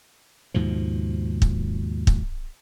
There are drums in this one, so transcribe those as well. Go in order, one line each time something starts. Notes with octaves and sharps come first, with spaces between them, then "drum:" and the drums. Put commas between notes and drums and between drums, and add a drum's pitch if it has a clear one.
D#2 G#2 B2 F3
drum: kick
drum: kick